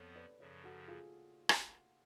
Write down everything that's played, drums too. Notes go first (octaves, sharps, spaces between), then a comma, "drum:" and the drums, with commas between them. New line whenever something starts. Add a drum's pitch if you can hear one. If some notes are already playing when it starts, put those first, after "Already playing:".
Already playing: F2 F3 B3 A4 C#5
B4 D5
F#2 C#3 F3 A4 C#5
F#4 A4
F4 G#4
drum: rim click